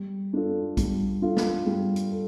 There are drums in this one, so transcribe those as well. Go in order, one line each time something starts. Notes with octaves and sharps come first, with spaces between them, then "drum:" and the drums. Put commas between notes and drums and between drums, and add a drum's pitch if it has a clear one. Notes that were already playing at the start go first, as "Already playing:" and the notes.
Already playing: G3
D4 F4 A4
G3, drum: kick B1, hi-hat
D4 F4 A4
drum: snare
G3
drum: hi-hat
A4